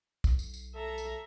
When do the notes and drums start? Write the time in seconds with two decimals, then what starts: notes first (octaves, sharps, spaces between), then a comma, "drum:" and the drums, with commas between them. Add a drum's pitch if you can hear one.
0.24 B1, drum: kick, tambourine
0.39 drum: tambourine
0.54 drum: tambourine
0.75 A4 E5 A#5
0.98 drum: tambourine